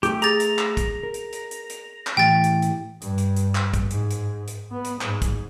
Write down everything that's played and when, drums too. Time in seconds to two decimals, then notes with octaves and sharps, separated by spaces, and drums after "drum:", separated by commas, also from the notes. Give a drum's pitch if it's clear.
0.03 A3 G4, drum: hi-hat
0.22 G#4 A#5 A6, drum: hi-hat
0.40 drum: hi-hat
0.59 drum: clap
0.77 drum: kick, hi-hat
1.03 A#4
1.14 drum: hi-hat
1.33 drum: hi-hat
1.51 drum: hi-hat
1.70 drum: hi-hat
2.07 drum: clap
2.17 A2 E3 G4 G5 A6
2.44 drum: hi-hat
2.62 drum: hi-hat
3.02 G2, drum: hi-hat
3.18 drum: hi-hat
3.36 drum: hi-hat
3.55 drum: clap
3.74 drum: kick, hi-hat
3.91 G#2, drum: hi-hat
4.11 drum: hi-hat
4.48 drum: hi-hat
4.71 B3
4.85 drum: hi-hat
5.01 G#2, drum: clap
5.22 drum: kick, hi-hat